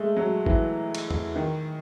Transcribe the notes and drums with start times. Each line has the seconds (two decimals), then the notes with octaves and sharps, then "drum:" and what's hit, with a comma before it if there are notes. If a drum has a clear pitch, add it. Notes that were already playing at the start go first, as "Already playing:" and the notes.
Already playing: G#3 A3
0.16 F#3
0.46 E3, drum: kick G#1
0.95 drum: cymbal
1.11 drum: tom E2
1.36 D#3